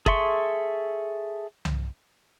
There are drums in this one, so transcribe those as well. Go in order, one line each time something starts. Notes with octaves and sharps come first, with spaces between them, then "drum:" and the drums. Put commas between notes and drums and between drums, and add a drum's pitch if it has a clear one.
G#4 A4 E5 C6 C#6, drum: kick
drum: tom C2